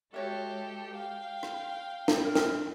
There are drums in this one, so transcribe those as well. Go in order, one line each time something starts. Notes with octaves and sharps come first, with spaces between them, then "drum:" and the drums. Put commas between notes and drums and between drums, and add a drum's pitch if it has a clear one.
G#3 F#4 G4 A4 C#5 E5
F5 G5
drum: rim click
drum: snare
A#4
drum: snare